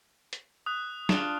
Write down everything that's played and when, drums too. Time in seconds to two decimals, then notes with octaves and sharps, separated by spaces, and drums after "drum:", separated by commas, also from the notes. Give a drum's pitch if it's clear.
0.33 drum: hi-hat
0.66 D#6 F#6
1.09 D4 F4, drum: snare